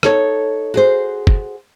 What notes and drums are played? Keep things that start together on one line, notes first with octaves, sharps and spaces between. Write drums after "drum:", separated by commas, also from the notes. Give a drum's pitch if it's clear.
D#4 A4 C#5, drum: rim click
F#4 G#4 C5
drum: kick